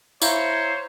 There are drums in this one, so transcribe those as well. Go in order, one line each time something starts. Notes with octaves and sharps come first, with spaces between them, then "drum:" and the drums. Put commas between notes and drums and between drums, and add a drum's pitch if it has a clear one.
E4 C5 C#5 F5 A#5, drum: tambourine